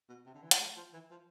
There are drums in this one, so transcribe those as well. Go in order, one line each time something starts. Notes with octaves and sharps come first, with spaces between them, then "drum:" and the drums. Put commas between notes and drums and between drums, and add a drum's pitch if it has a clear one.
B2
C3
D3
E3
F3, drum: hi-hat
A3
F3
E3
F3